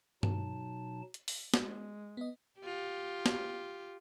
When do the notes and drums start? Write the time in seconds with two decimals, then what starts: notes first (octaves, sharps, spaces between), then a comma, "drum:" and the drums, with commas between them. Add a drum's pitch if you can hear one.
0.23 B2 F#3 D#4 A5, drum: tom G2
1.14 drum: hi-hat
1.28 drum: open hi-hat
1.54 G#3, drum: snare
2.17 B3 D#5
2.60 F4 G4
3.26 drum: snare